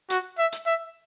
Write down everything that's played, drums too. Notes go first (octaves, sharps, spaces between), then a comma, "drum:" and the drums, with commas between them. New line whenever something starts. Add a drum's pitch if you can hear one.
F#4, drum: hi-hat
E5
drum: hi-hat
E5